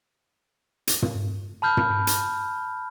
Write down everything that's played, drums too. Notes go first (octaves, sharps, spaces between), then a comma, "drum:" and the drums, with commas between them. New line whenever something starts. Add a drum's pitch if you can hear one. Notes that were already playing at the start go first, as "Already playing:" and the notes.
drum: hi-hat
drum: tom
A5 B5 F6 G6
drum: tom
drum: hi-hat